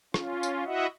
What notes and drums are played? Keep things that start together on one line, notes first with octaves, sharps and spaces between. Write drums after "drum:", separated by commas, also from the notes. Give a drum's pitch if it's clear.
C#4 F4, drum: rim click
drum: tambourine
E4 F#4 D#5 E5 F#5